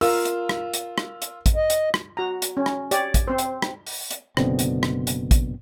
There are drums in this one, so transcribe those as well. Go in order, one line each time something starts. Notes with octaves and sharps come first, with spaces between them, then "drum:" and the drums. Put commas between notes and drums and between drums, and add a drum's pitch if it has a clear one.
F4 A#4 F5 E6, drum: open hi-hat
drum: hi-hat
drum: rim click
drum: hi-hat
drum: rim click
drum: hi-hat
drum: kick, hi-hat
D#5
drum: hi-hat
drum: rim click
F#4 A#5
drum: hi-hat
C#4
drum: rim click
G4 C#5 D5, drum: hi-hat
drum: kick, hi-hat
C4 C5
drum: hi-hat
drum: rim click
drum: open hi-hat
drum: hi-hat
F#1 B2 D3 C4, drum: rim click
drum: hi-hat
drum: rim click
drum: hi-hat
drum: kick, hi-hat